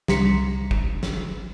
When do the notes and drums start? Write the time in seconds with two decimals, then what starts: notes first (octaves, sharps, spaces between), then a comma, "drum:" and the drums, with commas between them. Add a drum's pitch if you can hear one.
0.08 C2 G3 A#5 C6 B6 C#7, drum: snare
0.71 drum: kick
1.03 drum: snare